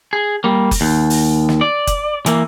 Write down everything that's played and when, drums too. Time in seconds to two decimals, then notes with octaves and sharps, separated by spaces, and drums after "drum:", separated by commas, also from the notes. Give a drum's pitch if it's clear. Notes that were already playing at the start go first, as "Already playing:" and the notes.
0.13 G#4
0.44 G3 A#3
0.71 drum: kick F#1, open hi-hat
0.81 D#2
1.10 drum: open hi-hat
1.49 drum: snare
1.61 D5
1.87 drum: kick F#1, hi-hat
2.26 E3 A#3, drum: hi-hat